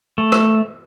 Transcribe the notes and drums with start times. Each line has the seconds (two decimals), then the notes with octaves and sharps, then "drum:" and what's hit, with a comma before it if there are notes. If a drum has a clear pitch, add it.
0.18 A3
0.32 drum: rim click